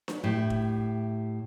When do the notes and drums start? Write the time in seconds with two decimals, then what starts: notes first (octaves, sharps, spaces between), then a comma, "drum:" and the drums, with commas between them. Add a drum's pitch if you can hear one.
0.08 drum: snare D4
0.24 A2 G4 E5
0.50 drum: kick